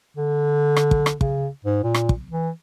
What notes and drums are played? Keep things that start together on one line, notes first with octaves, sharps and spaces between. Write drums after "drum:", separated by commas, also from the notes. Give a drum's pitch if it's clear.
D3
drum: rim click
drum: kick
drum: rim click
C#3, drum: kick
G#2
A#2
drum: rim click
drum: kick
E3